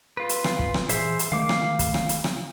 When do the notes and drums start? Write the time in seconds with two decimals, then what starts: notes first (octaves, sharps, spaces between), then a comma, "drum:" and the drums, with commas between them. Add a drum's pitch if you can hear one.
0.17 F4 B4
0.29 drum: hi-hat
0.44 drum: rim click
0.59 drum: kick
0.74 drum: rim click
0.89 A#2 E3 G#4 C5 E5, drum: hi-hat
1.19 drum: hi-hat
1.32 D#3 G#3 A3 F5 D6
1.49 drum: rim click
1.79 drum: kick, hi-hat
1.94 drum: rim click
2.09 drum: hi-hat
2.24 drum: rim click